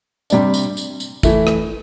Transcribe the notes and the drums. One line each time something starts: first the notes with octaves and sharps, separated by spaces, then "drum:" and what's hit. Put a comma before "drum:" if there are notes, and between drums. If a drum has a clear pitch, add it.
C3 G3 D4, drum: tambourine
drum: tambourine
drum: tambourine
drum: tambourine
E3 A3 E4, drum: kick, tambourine
drum: rim click